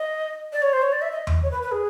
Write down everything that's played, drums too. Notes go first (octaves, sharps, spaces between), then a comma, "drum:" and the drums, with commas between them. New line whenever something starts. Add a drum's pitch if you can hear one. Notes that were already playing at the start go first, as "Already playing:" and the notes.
Already playing: D#5
D5
C#5
C5
C#5
D5
E5
D#5
drum: tom E2
C#5
B4
B4
G#4